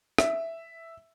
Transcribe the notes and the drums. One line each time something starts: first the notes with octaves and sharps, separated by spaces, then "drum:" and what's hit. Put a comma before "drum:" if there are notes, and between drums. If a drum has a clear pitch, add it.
E5, drum: rim click